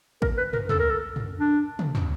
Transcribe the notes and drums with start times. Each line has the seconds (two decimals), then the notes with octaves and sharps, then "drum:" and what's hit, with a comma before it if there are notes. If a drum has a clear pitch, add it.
0.22 A#4, drum: kick A1
0.38 B4
0.53 A#4, drum: tom
0.69 A4, drum: tom
0.79 A#4
0.90 A4
1.16 drum: tom
1.40 D4
1.79 drum: tom
1.95 drum: tom